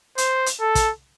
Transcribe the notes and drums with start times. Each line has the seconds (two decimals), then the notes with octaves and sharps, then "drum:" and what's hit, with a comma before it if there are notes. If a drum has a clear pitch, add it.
0.18 C5, drum: hi-hat
0.46 drum: hi-hat
0.61 A4
0.75 drum: kick, hi-hat